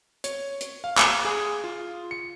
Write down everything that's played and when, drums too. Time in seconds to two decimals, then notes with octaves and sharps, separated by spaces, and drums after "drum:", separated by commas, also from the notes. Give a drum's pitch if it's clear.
0.24 C#5, drum: hi-hat
0.61 drum: hi-hat
0.84 F5
0.98 drum: clap
1.25 G#4
1.64 F4
2.11 C#7